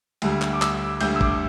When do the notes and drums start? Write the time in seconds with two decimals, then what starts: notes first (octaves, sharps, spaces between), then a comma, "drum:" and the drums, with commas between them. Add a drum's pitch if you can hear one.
0.22 D2 D3 G3, drum: cymbal
0.42 drum: clap
0.53 D6
0.62 E6, drum: clap
1.01 D2 D3 G3 G6, drum: cymbal
1.16 E6
1.21 D6, drum: kick